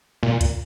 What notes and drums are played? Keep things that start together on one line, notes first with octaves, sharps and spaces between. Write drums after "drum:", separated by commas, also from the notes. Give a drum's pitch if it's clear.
A#2
drum: kick, hi-hat